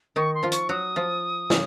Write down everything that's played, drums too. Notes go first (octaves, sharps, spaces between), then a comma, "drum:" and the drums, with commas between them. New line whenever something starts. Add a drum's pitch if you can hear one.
D#3 D#4 C#6
C6
F3 F4
C#6, drum: hi-hat
F#3 F#4 D#6
F3 F4
C#3 C#4, drum: snare